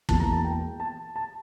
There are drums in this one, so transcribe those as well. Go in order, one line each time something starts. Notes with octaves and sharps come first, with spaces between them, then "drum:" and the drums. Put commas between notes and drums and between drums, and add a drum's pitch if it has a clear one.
E1 E2 E3 A#3 A5, drum: kick
A#5
A5
G5
A5
A5